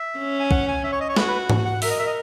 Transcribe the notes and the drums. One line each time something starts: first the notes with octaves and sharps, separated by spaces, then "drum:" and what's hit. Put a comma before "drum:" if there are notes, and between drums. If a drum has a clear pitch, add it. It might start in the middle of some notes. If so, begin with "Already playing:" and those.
Already playing: E5
C#4
G#5
F#5, drum: kick
G#5
E5
C#5
D#5
C#5
F#4 B4, drum: snare
B4
drum: tom G#2
F#5
A#4 E5, drum: open hi-hat
D#5
E5
D#5